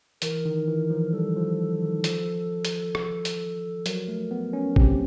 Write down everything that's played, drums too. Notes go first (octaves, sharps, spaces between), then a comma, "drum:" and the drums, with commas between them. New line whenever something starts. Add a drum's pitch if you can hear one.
E3 A#4, drum: hi-hat
D#3
E3
F3
G3 A4
F3
D#3
F3, drum: hi-hat
drum: hi-hat
drum: rim click
drum: hi-hat
F#3 A#4, drum: hi-hat
A3
B3
C#4
C4 G4, drum: kick G#1